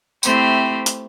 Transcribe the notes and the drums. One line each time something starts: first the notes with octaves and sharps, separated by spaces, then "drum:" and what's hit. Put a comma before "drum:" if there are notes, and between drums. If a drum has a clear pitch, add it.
A3 C4 E4 G4 C5, drum: tambourine
drum: hi-hat